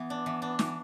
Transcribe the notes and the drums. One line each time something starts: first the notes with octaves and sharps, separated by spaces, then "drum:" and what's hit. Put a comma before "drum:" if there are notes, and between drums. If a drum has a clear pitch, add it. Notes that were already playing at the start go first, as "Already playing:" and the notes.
Already playing: E3 B3
D4
E3
D4
E3, drum: snare